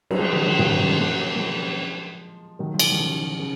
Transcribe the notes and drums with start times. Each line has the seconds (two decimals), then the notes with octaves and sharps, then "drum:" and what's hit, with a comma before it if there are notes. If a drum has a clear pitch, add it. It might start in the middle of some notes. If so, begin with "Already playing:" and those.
0.11 F#3, drum: cymbal
0.19 F3 G#3
0.32 D#3 F#3
0.46 D#3
0.59 D#3, drum: tom
0.69 C#3 F3
0.79 D#3 F#3
0.89 F3 G#3
0.99 F#3 A#3
1.35 A#3
1.39 F3 G#3
2.59 D#3 F#3
2.74 F3
2.79 D#3 F#3, drum: cymbal
2.92 D#3
2.99 C#3 F3
3.40 C#3